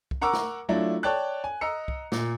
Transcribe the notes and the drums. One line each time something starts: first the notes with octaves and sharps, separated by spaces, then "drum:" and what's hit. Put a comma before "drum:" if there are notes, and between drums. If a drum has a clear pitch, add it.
drum: kick C2
A#4 F#5 A#5 C#6 D6 E6
drum: snare
F#3 A3 D4 E4 F4
C#5 D5 G5 A5 F#6
G#5
D#5 A#5 E6 C#7
drum: kick C2
A#2, drum: snare